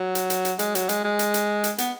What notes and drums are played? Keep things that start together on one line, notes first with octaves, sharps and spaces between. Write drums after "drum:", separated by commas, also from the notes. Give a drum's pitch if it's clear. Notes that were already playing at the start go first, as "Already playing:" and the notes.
Already playing: F#3
drum: hi-hat
drum: hi-hat
drum: hi-hat
G#3, drum: hi-hat
F#3, drum: hi-hat
G#3, drum: hi-hat
G#3
drum: hi-hat
drum: hi-hat
drum: hi-hat
B3, drum: hi-hat